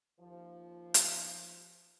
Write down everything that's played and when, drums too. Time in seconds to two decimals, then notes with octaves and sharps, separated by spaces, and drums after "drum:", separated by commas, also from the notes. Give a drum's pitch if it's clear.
0.20 D#2 F3
0.94 drum: hi-hat